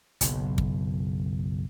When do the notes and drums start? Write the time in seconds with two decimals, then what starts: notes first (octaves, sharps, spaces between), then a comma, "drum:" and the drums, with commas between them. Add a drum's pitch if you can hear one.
0.21 F#1 B1, drum: hi-hat
0.58 drum: kick